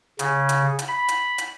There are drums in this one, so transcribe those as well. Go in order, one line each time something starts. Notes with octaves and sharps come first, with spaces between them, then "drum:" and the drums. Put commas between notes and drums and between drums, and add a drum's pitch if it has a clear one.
C#3, drum: hi-hat
drum: hi-hat
drum: hi-hat
B5
drum: hi-hat
drum: hi-hat